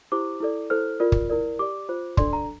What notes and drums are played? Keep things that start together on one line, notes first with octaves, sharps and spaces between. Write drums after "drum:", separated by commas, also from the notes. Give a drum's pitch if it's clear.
E4 G4 C5 D6
E4 A4 D5
E4 A4 C5 F6
F4 A#4 D5
drum: kick
E4 A#4 D5
G4 D5 D6
F4 C5
D4 A4 D5 C6, drum: kick
A#5